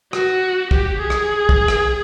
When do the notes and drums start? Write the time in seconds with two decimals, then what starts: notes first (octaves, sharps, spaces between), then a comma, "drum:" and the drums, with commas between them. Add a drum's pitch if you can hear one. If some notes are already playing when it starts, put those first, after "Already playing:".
0.13 F#4, drum: rim click
0.71 G4, drum: kick
1.01 G#4
1.10 drum: rim click
1.49 drum: kick
1.68 drum: rim click